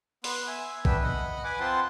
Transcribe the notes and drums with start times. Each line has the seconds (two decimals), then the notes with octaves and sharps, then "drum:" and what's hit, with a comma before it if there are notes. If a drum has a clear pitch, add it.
0.24 B3 C6 F#6, drum: open hi-hat
0.48 E5 G#5
0.85 B3 D4 B4 E5 G5, drum: kick
1.03 D#5 F#5 B5
1.44 B4 F#5 G#5 D6
1.60 C4 F4 F#5 G5 A5 C6